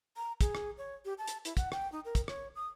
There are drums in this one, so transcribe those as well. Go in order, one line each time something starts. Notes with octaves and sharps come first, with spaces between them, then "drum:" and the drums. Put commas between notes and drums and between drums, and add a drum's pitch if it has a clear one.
A#5
G#4, drum: kick, hi-hat
drum: rim click
C#5
G4
A5
drum: hi-hat
E4, drum: hi-hat
F#5, drum: kick, hi-hat
G5, drum: rim click
D#4
A#4
drum: kick, hi-hat
C#5, drum: rim click
D#6